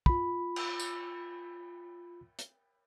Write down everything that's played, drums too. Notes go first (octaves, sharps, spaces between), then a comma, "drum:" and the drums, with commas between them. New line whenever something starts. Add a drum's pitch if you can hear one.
F4 B5, drum: kick
drum: cymbal
drum: tambourine
drum: hi-hat